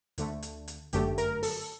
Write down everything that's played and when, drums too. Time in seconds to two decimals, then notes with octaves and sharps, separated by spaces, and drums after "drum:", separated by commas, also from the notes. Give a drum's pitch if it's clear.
0.18 D2 D3 A3, drum: hi-hat
0.42 drum: hi-hat
0.68 drum: hi-hat
0.93 G1 F#2 D3 A3 G4, drum: hi-hat
1.18 A#4, drum: hi-hat
1.43 A4, drum: open hi-hat